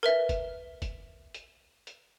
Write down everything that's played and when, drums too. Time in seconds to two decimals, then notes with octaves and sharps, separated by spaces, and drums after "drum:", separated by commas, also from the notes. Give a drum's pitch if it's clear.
0.03 A#4 B4 E5
0.29 drum: kick, hi-hat
0.82 drum: kick, hi-hat
1.34 drum: hi-hat
1.87 drum: hi-hat